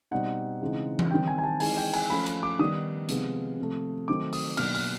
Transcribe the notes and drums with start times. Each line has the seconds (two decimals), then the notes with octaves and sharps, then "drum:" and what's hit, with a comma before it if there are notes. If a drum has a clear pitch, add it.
0.11 B2 G3 C4 D#4 F#5
0.61 C#3 E3 G#3 C4 D#4
0.99 drum: tom E3
1.11 D#3 G3 C4 D#4 G5
1.27 G#5
1.38 G#5
1.44 A5
1.60 E3 G#3 C4 D#4 G#5, drum: open hi-hat
1.77 G5
1.93 G#5, drum: cymbal
2.10 F3 A3 C#4 B5
2.26 B5, drum: hi-hat
2.43 D6
2.59 D#3 G3 B3 D#4 D#6
3.09 C3 F3 G#3 B3, drum: hi-hat
3.59 C3 F3 A3
4.08 D#3 F#3 A3 C4 D#4 D6
4.33 D#6, drum: open hi-hat
4.57 B2 F#3 A#3 D4 F6, drum: cymbal
4.75 F6, drum: open hi-hat